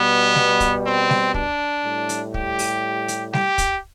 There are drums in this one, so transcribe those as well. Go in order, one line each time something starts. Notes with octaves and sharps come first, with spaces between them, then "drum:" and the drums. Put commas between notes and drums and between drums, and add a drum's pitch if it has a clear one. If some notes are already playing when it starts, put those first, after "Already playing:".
Already playing: B2 G3 B3
drum: snare G3
drum: kick, hi-hat
C4
drum: snare G3
D4, drum: kick
A2 G3
drum: hi-hat
G4, drum: kick
drum: open hi-hat
drum: hi-hat
G4, drum: snare G3
drum: kick, hi-hat